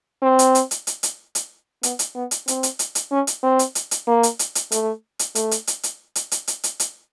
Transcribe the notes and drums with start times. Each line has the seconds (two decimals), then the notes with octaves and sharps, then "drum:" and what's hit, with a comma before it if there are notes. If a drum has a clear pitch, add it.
0.22 C4
0.39 drum: hi-hat
0.55 drum: hi-hat
0.71 drum: hi-hat
0.87 drum: hi-hat
1.03 drum: hi-hat
1.35 drum: hi-hat
1.83 B3, drum: hi-hat
1.99 drum: hi-hat
2.15 B3
2.31 drum: hi-hat
2.48 C4, drum: hi-hat
2.63 drum: hi-hat
2.79 drum: hi-hat
2.95 drum: hi-hat
3.11 C#4
3.27 drum: hi-hat
3.43 C4
3.59 drum: hi-hat
3.75 drum: hi-hat
3.91 drum: hi-hat
4.07 A#3
4.23 drum: hi-hat
4.39 drum: hi-hat
4.55 drum: hi-hat
4.72 A3, drum: hi-hat
5.19 drum: hi-hat
5.35 A3, drum: hi-hat
5.51 drum: hi-hat
5.67 drum: hi-hat
5.83 drum: hi-hat
6.15 drum: hi-hat
6.31 drum: hi-hat
6.48 drum: hi-hat
6.64 drum: hi-hat
6.80 drum: hi-hat